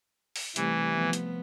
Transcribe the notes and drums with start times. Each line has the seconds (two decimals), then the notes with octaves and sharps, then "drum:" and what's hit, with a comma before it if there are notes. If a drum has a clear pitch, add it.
0.36 drum: open hi-hat
0.56 C3 E3 G3 A3, drum: hi-hat
0.94 F3 B3
1.13 drum: hi-hat